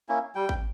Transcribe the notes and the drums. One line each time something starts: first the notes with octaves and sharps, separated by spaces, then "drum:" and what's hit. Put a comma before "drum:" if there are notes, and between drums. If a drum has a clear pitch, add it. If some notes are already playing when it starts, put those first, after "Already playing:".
A#3 C#4 E4
G3 G5
drum: kick G#1